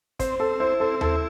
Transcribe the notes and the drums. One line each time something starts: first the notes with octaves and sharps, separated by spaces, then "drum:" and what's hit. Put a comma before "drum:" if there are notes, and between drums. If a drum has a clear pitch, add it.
C4 C5, drum: kick, hi-hat
C4 A4
E4 C5
C4 A4
E4 A4, drum: tom D#2